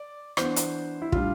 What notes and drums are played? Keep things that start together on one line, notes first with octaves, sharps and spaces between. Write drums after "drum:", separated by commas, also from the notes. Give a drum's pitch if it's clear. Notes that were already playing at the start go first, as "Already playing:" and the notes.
Already playing: D5
E3 B3 D4 C5, drum: rim click
drum: hi-hat
E4
A2 G3 D4 F4, drum: kick